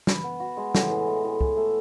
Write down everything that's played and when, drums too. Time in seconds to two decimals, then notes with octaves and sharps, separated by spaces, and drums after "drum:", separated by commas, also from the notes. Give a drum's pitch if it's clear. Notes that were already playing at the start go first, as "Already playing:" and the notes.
0.07 B4, drum: snare
0.24 B3
0.40 F#4
0.57 G#3
0.75 A2, drum: snare
0.90 E3
1.07 G#3
1.24 A2
1.41 G#4, drum: kick
1.57 A3